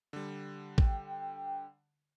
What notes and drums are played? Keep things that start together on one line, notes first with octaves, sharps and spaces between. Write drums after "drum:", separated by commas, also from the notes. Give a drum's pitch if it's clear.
D3 G3
G5, drum: kick